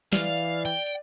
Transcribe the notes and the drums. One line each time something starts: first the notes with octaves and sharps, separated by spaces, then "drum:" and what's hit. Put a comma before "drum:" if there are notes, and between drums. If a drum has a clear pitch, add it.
E3 D5 F5, drum: snare
drum: hi-hat
G5
drum: hi-hat